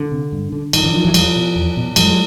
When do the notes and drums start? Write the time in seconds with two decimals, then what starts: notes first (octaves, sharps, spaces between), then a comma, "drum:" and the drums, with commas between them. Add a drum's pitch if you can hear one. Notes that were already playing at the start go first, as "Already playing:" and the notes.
Already playing: D3
0.12 C3
0.32 G2
0.52 D3
0.73 G2 D#3, drum: cymbal
0.83 D3 E3
0.94 D3 D#3 F3
1.05 E3 F#3
1.14 E2 F3 G3, drum: cymbal
1.36 B2
1.56 E2
1.77 B2
1.96 F#2 F3 G3, drum: cymbal
2.06 F#3 G#3